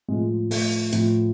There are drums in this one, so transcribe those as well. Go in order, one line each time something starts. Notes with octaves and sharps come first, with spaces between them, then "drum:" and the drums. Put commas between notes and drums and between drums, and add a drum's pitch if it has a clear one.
A2 F3 G#3
A3, drum: open hi-hat
A2 F3, drum: hi-hat